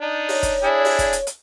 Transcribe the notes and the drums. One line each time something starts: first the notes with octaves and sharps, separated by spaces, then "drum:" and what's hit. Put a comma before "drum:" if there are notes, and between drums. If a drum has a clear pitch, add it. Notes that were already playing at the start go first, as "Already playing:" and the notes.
D4 D#4
C#5, drum: open hi-hat
drum: kick, hi-hat
D4 E4 G#4
drum: open hi-hat
drum: kick, hi-hat
drum: hi-hat
drum: hi-hat